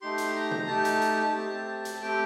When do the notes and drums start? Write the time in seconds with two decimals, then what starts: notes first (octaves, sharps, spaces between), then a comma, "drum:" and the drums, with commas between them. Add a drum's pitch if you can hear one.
0.01 A3 D#4 G4 C6
0.18 drum: hi-hat
0.35 A#5
0.51 drum: tom
0.67 A3 D#4 G4 A5
0.85 drum: hi-hat
1.01 drum: hi-hat
1.35 A3 C4 G4
1.85 drum: hi-hat
2.02 A3 C4 G4 G5